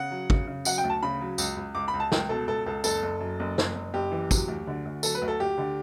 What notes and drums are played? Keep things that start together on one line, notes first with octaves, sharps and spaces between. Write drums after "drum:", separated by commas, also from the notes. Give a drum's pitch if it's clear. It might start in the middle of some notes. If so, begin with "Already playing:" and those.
Already playing: C#3 F#5
F#3
C#3, drum: kick
C#3
F#3 F#5, drum: tambourine
G5
D2
A5
C#3 B5
F#3
C#2, drum: tambourine
C#2
C#2 D6
B5
C#2
A5
C#2 G5, drum: snare
B2 A4
C#2 A4
C#2 A4
F#1 A4, drum: tambourine
F#1
F#2
F#1
F#1, drum: snare
F#1
F#1 G4
E3
F#3, drum: kick, tambourine
D2
D3
D2
F#3 A4, drum: tambourine
B4
D2
A4
D2 G4
D3